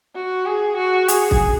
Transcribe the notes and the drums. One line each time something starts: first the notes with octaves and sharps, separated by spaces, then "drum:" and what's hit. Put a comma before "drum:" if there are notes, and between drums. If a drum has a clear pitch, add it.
F#4
G#4
F#4
G#4, drum: hi-hat
drum: kick